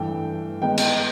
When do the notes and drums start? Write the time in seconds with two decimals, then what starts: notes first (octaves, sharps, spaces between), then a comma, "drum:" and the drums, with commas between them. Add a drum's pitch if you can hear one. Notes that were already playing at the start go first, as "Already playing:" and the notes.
Already playing: G2 E3 A3 G5
0.62 D#3 G#3 B3 G5
0.78 drum: cymbal